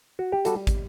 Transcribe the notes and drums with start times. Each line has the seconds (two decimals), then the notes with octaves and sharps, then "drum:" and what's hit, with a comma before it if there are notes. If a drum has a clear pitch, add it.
0.19 F#4
0.32 G4
0.45 G3 F#4 A4, drum: hi-hat
0.67 drum: kick, hi-hat